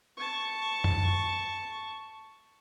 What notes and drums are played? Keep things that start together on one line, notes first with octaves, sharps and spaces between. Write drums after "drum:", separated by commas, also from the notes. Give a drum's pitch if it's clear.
A5 C#6
drum: tom F#2